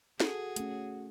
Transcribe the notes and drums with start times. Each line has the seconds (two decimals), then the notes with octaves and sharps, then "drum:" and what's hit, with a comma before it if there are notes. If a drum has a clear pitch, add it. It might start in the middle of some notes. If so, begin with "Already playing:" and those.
0.20 F#4 G#4 A4, drum: snare
0.56 A3 C#4, drum: hi-hat